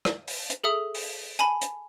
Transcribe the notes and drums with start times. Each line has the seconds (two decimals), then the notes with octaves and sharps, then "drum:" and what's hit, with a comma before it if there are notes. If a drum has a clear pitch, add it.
0.05 drum: rim click
0.27 drum: open hi-hat
0.50 drum: hi-hat
0.64 G#4 A4 E5 D#6
0.94 drum: open hi-hat
1.39 G#5 A5 B5, drum: hi-hat
1.61 drum: hi-hat